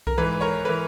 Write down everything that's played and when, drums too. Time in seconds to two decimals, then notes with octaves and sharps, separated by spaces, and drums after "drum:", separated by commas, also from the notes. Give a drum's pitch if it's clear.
0.07 A#4, drum: kick C2
0.18 G#2 E3 B4
0.41 A#4 C#5
0.65 E3 B4